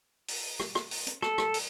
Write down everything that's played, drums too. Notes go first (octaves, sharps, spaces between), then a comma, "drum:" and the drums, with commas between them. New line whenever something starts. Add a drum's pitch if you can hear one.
drum: open hi-hat
drum: rim click
drum: rim click
drum: open hi-hat
drum: hi-hat
A4, drum: rim click
drum: rim click
drum: open hi-hat